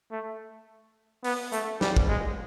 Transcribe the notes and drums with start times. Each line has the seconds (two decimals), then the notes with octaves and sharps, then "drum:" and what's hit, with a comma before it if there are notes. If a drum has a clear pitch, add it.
0.12 A3
1.24 B3, drum: open hi-hat
1.52 A3, drum: hi-hat
1.81 G3, drum: snare
1.96 drum: kick
2.09 G#3